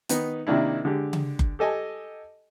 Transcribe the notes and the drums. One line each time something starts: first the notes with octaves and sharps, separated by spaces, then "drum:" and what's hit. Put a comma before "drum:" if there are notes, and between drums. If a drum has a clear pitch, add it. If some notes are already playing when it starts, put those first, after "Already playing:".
D#3 B3 D#4, drum: hi-hat
C3 D#3 A#3 D4 E4
D3 G#3 G4
drum: tom C#3
drum: kick F#1
G4 A4 D#5 G#5 A5